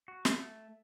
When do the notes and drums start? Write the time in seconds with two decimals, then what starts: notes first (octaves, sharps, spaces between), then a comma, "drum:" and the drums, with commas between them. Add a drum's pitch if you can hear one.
0.08 F#4
0.25 A3, drum: snare